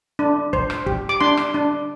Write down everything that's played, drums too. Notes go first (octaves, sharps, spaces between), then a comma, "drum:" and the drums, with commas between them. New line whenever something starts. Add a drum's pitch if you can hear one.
D4
C5, drum: kick
drum: rim click
G4, drum: kick
D6
D4 C6
drum: rim click
D4